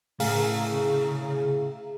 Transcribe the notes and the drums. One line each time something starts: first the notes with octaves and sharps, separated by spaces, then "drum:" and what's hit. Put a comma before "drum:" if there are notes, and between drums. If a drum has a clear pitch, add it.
A2 C#3 G#4 F5 A#5, drum: open hi-hat